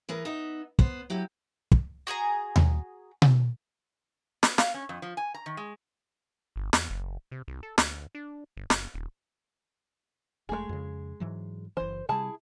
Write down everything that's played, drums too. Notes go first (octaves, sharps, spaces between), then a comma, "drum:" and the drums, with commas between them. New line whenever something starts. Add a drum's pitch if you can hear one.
E3 G#4 A#4 B4
B3 D#4 E5
B3 C5, drum: kick
F#3 E4 G4
drum: kick
F#4 G#4 G#5 A#5
drum: tom D#2
drum: tom B2
B3, drum: snare
F5, drum: snare
C#4
F2
F3
G#5
A#5
D#3
G#3
G1
E2, drum: snare
F#1
C3
C2
A4
D2, drum: snare
D4
G1
F#1, drum: snare
D#1
E1 G#3 A3 G#4
F2 C#3
G#2 E3 F#3
F#1 E3 C5
C3 G3 E4 G#4 A5